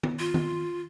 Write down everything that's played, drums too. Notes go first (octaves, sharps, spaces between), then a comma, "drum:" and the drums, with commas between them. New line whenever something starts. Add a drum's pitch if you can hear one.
drum: tom
F4
drum: tom D#3